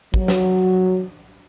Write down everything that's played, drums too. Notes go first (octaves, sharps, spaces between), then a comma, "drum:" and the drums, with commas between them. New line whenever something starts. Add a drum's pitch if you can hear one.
F#3, drum: kick
drum: snare